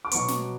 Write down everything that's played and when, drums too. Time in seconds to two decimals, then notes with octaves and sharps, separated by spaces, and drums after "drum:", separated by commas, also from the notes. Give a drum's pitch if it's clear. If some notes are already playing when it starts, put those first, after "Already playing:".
0.05 D6
0.11 B2 F#3 B3 C#6, drum: hi-hat
0.28 drum: snare